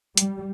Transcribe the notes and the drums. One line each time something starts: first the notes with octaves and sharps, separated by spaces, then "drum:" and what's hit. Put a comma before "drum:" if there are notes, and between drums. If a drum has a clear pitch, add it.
G3, drum: hi-hat